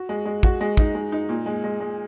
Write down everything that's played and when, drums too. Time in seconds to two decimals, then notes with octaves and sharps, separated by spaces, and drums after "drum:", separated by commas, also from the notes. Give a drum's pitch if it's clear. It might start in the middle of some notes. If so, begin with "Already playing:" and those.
Already playing: F#4
0.09 G#3
0.25 G#3
0.43 F#4, drum: kick
0.61 G#3
0.77 D#4, drum: kick
0.95 G#3
1.12 D#4
1.29 A#2
1.46 G#3
1.64 G#3
1.80 G#3